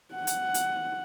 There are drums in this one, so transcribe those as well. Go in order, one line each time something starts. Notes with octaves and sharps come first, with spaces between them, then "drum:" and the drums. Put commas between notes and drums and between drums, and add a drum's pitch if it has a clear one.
F#5
drum: hi-hat
drum: hi-hat